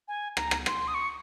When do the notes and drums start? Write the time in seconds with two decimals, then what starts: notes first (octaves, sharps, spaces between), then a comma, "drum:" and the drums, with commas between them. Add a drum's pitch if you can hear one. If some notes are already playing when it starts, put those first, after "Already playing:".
0.08 G#5
0.37 A#5, drum: rim click
0.51 drum: rim click
0.66 C6, drum: rim click
0.88 D#6
0.94 C#6